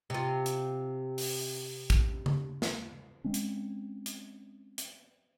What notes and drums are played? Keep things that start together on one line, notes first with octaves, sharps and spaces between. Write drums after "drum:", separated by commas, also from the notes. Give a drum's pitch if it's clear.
C3 F4
drum: hi-hat
drum: open hi-hat
drum: kick, hi-hat
drum: tom C#3
drum: snare
G#3 C4 C#4
drum: hi-hat
drum: hi-hat
drum: hi-hat